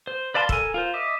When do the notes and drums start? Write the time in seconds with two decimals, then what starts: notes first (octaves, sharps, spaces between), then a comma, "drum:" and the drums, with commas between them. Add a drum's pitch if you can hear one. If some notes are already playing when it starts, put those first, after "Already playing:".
0.07 C5
0.34 B4 D5 F5 A5 C6
0.49 A4 A#4 G#5, drum: kick
0.74 F4 A#4 C5
0.94 D#5 E5 D6